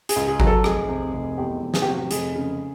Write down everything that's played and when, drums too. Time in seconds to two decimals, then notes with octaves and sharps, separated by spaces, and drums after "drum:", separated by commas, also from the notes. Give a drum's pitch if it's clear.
0.09 G#4, drum: hi-hat
0.16 C#2
0.28 G#4
0.40 F#3, drum: kick G#1
0.47 A4
0.64 F1 G#4, drum: rim click
0.89 C3
1.13 F1
1.38 E2 G4
1.62 F1
1.74 G#4, drum: snare
1.82 G4
1.87 C3 F#4
1.98 G4
2.11 F1 G#4, drum: hi-hat
2.36 C#3